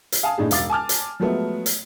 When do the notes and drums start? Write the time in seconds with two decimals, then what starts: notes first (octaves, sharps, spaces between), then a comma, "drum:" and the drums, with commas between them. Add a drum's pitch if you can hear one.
0.12 drum: hi-hat
0.23 F5 G#5 A5 D#6
0.38 A2 D4 D#4 G#4
0.51 E1 F5 D6 A6, drum: hi-hat
0.70 G#5 A5 D6 F6
0.89 drum: hi-hat
1.20 F3 F#3 G#3 A3 B3
1.66 drum: hi-hat